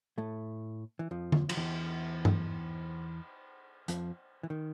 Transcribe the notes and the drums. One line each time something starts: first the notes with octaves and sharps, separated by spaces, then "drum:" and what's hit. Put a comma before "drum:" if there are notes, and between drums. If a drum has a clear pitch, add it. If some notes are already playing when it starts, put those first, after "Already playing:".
A2 A3
E3
F2 F3
drum: tom D3
F3, drum: cymbal
E2 E3
drum: tom G2
F2 F3, drum: hi-hat
E3
D#3